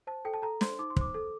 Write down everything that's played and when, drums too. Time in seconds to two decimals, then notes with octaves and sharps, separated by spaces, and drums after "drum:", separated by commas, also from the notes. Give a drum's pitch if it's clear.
0.07 C5 A5
0.25 A4 G5
0.34 A5
0.42 A4 A#5
0.61 C5 C6, drum: snare
0.79 D#4 D6
0.90 C6
0.96 C5 D6, drum: kick
1.14 A4